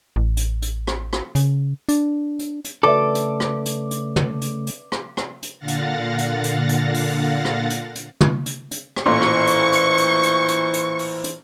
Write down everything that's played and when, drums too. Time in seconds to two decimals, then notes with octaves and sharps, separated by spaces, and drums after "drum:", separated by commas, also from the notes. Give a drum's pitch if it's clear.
0.16 A1
0.37 drum: hi-hat
0.62 drum: hi-hat
0.87 drum: rim click
1.13 drum: rim click
1.35 C#3, drum: hi-hat
1.89 D4, drum: hi-hat
2.39 drum: hi-hat
2.64 drum: hi-hat
2.83 C#3 A3 A4 B4 D5 E5 D6
3.15 drum: hi-hat
3.40 drum: rim click
3.66 drum: hi-hat
3.91 drum: hi-hat
4.16 drum: tom
4.41 drum: hi-hat
4.67 drum: hi-hat
4.92 drum: rim click
5.17 drum: rim click
5.43 drum: hi-hat
5.59 A#2 D3 F5 F#5 A6 A#6
5.68 drum: hi-hat
6.18 drum: hi-hat
6.44 drum: hi-hat
6.69 drum: hi-hat
6.94 drum: open hi-hat
7.45 drum: rim click
7.70 drum: hi-hat
7.95 drum: hi-hat
8.21 drum: tom
8.46 drum: hi-hat
8.71 drum: hi-hat
8.96 drum: rim click
9.06 A1 A#2 E3 C5 C6 C#6
9.22 drum: rim click
9.47 drum: hi-hat
9.72 drum: hi-hat
9.98 drum: hi-hat
10.23 drum: hi-hat
10.48 drum: hi-hat
10.73 drum: hi-hat
10.99 drum: open hi-hat
11.24 drum: hi-hat